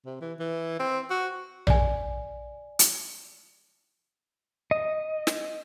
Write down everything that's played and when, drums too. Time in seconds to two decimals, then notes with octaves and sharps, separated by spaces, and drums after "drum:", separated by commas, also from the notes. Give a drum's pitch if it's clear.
0.06 C3
0.21 E3
0.40 E3
0.80 C4
1.11 F#4
1.67 D5 G#5, drum: tom A#1
2.79 drum: hi-hat
4.71 D#5
5.27 drum: snare